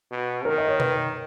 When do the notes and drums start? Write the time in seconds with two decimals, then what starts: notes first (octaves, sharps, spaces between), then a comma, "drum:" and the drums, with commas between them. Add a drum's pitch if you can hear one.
0.11 B2
0.45 D#3 A#4
0.58 D#5
0.68 C#5
0.80 B4, drum: tom B2